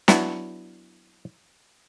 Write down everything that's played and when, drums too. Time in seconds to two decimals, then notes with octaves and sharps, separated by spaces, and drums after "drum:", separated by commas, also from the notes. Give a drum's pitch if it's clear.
0.08 F#3 B3 D4 E4 F#4, drum: snare